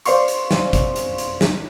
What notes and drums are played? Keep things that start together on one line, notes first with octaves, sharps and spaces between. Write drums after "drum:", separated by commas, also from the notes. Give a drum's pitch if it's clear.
C5 D5 F5 C6 C#6, drum: hi-hat
drum: hi-hat
drum: snare
drum: kick, hi-hat
drum: hi-hat
drum: hi-hat
drum: snare